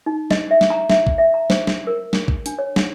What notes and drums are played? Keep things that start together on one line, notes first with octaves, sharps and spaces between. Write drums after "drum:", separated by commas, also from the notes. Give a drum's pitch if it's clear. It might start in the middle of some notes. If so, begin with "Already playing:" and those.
D#4
D#5, drum: snare
E5
drum: snare
A#5
E5, drum: snare
drum: kick
E5
A#5
C5, drum: snare
drum: snare
A#4
drum: snare
drum: kick
D4, drum: hi-hat
C#5
F#5, drum: snare